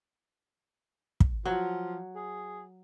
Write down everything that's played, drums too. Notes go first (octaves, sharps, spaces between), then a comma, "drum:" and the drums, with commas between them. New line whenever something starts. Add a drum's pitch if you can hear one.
drum: kick
F3 F#3
G#4